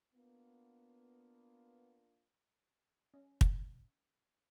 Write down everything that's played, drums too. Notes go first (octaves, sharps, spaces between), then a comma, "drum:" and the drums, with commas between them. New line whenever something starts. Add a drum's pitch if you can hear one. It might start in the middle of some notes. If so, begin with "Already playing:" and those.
A#3 B3 D4 F4
C#4
drum: kick